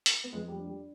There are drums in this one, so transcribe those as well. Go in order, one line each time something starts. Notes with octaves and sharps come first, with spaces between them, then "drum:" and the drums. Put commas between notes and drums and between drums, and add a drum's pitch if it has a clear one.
drum: hi-hat
B3
F2 G#3
G3
D4
G3